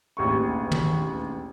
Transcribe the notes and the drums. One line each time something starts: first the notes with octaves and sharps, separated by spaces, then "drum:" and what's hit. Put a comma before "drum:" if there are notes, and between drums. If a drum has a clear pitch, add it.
E1 A1 D#2 C#6
drum: tom